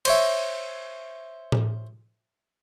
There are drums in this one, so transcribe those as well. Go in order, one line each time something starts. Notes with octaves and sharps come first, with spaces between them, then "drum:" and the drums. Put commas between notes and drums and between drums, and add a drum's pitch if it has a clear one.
C5 C#5 E5, drum: cymbal
drum: tom A2